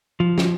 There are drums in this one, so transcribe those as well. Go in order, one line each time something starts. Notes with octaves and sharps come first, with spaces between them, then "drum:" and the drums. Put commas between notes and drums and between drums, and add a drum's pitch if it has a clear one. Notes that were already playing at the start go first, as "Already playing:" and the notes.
F3
drum: snare